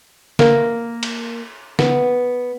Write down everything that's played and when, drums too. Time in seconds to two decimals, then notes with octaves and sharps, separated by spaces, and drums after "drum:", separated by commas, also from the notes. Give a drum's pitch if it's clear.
0.39 A#3, drum: snare
1.03 drum: cymbal
1.79 B3, drum: snare